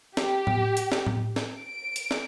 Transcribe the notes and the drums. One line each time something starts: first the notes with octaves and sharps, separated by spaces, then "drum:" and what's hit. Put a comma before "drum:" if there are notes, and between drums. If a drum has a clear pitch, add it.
G4, drum: snare
drum: tom A2
drum: hi-hat
drum: snare
drum: tom A2
drum: snare
D7
drum: hi-hat
drum: snare